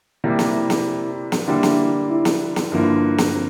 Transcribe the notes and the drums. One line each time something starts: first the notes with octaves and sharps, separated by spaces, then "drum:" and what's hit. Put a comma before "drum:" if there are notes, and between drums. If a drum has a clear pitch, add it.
C3 G3 A#3 E4
drum: snare
drum: snare
drum: snare
D3 G3 A#3 E4
drum: snare
E4
drum: snare
drum: snare
G2 D3 F3 A#3 E4
drum: snare
C4